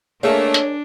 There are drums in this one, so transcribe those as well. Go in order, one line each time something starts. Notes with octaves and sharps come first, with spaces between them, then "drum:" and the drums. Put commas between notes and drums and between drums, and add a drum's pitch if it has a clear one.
A3 A#3 D4 G#4 A#4 C#5 D#5
drum: hi-hat